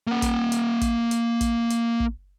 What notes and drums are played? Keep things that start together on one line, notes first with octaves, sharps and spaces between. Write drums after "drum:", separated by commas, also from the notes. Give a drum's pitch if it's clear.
A#3 F#5
drum: kick, hi-hat
drum: hi-hat
drum: kick, hi-hat
drum: hi-hat
drum: kick, hi-hat
drum: hi-hat
drum: kick